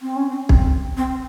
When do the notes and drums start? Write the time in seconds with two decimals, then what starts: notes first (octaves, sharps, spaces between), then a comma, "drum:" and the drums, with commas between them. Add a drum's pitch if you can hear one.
0.02 C4
0.16 C#4
0.29 C4
0.49 C4, drum: kick
0.97 C4